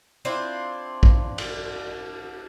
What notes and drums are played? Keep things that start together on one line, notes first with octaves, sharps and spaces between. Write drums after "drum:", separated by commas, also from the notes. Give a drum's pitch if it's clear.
C4 D4 E4 F4
drum: kick A#1
drum: cymbal